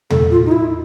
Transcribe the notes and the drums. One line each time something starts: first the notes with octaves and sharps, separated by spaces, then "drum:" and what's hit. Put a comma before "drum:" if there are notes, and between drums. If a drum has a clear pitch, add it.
A4, drum: tom
F4
D#4
E4